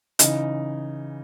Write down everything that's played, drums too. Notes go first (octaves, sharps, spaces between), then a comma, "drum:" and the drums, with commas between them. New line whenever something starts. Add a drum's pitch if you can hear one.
C#3 E3 D#4, drum: hi-hat